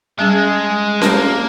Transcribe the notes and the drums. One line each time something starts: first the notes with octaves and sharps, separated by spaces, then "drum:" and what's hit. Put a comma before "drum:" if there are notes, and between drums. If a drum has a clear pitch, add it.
G3 G#3 C#4 G#4
A#3 C4 G4 A#4, drum: snare C#4